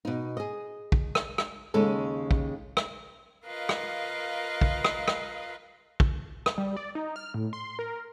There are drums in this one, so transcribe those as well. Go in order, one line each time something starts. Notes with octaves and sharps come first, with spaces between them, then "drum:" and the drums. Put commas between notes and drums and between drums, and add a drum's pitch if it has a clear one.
B2 D#4
G#4 D#5
drum: kick
drum: rim click
drum: rim click
D#2 C#3 G#3 A4
drum: kick
drum: rim click
F4 A#4 B4 D#5 F5
drum: rim click
drum: kick
drum: rim click
drum: rim click
drum: kick
drum: rim click
G3
D5
D#4
F6
A2
C6
A#4